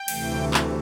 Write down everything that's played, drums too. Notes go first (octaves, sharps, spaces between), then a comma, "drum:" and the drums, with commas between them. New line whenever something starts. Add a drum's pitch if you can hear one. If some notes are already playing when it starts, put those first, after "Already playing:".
Already playing: G5
D2 C3 E3 A3, drum: cymbal
drum: clap